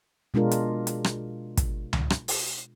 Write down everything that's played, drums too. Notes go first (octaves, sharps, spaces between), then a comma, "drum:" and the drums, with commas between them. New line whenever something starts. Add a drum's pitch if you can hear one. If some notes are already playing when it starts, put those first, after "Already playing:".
B2 G#3 D4 F4 A#4
drum: hi-hat
drum: hi-hat
drum: rim click
drum: kick, hi-hat
drum: tom C#2
drum: rim click
drum: open hi-hat